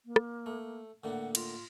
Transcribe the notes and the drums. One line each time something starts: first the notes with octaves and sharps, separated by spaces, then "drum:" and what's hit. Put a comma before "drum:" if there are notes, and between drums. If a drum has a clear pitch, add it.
A#3
drum: rim click
A3
A2 D3 A#3 F#5
F4, drum: cymbal